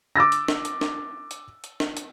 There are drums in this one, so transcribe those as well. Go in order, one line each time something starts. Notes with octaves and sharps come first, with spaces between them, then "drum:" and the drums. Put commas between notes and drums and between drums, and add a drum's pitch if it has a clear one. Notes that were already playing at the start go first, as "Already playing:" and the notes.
D6 E6 A6 A#6
drum: hi-hat
drum: snare
drum: hi-hat
drum: snare
drum: hi-hat
drum: hi-hat
drum: snare
drum: hi-hat